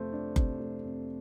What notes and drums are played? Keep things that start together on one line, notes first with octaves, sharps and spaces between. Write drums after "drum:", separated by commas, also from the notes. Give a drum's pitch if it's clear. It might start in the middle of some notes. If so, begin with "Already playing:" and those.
Already playing: F2 C3 A3 C5
D4
C3, drum: kick F#1
A3
F2